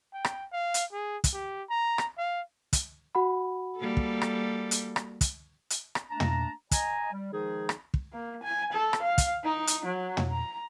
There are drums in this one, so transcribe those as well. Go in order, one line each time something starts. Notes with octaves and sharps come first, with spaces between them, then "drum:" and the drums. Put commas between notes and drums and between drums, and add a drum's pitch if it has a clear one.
G5
drum: rim click
F5
drum: hi-hat
G#4
drum: kick, hi-hat
G4
A#5
drum: rim click
F5
drum: kick, hi-hat
F#4 F#5 B5
G3 A#3 A4
drum: kick
drum: rim click
drum: hi-hat
drum: rim click
drum: kick, hi-hat
drum: hi-hat
drum: rim click
A3 A#3 D4 A5 A#5
drum: tom
D#5 G#5 A#5, drum: kick, hi-hat
G3
D#3 F3 G#3 D#4 G#4
drum: rim click
drum: kick
A#3
G#5
A4
drum: rim click
F5
drum: kick, hi-hat
D#4
drum: hi-hat
F#3
drum: tom
A#5